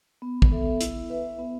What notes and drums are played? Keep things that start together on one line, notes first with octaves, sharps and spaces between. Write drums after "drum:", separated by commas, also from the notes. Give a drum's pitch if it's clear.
B3
drum: kick
A4 E5
E4, drum: hi-hat
B4 E5
B3